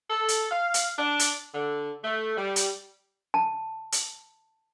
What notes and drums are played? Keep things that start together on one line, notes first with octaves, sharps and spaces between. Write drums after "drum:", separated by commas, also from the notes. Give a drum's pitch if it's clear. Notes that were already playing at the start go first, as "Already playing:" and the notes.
A4
drum: hi-hat
F5
drum: hi-hat
D4
drum: hi-hat
D3
A3
G3
drum: hi-hat
A5
drum: hi-hat